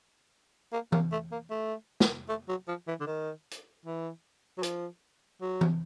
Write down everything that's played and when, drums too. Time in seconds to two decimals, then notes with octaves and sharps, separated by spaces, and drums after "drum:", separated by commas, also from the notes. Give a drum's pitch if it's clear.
0.73 A#3
0.92 A#3, drum: tom E3
1.12 A3
1.31 A#3
1.50 A3
2.00 drum: snare
2.29 A3
2.49 F#3
2.68 F3
2.88 E3
3.00 D3
3.07 D#3
3.51 drum: hi-hat
3.86 E3
4.58 F#3
4.63 F3, drum: hi-hat
5.42 F#3
5.61 drum: tom E3